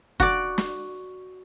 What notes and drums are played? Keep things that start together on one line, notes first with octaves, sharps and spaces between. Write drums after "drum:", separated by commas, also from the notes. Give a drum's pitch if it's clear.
F#4 D5, drum: kick
drum: snare